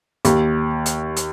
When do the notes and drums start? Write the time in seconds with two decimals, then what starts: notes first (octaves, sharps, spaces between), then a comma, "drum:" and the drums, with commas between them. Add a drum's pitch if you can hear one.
0.25 D#2, drum: hi-hat
0.86 drum: hi-hat
1.17 drum: hi-hat